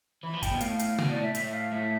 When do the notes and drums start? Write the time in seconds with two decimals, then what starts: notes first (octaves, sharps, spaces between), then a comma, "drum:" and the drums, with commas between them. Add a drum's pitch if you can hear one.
0.23 E3 B5
0.34 F3
0.43 D3 G5, drum: kick, hi-hat
0.52 B2
0.61 A2 F5, drum: hi-hat
0.79 drum: hi-hat
0.98 B2, drum: tom C3
1.10 A2 D5
1.23 E5
1.35 A2 E5, drum: hi-hat
1.54 F5
1.72 A2 E5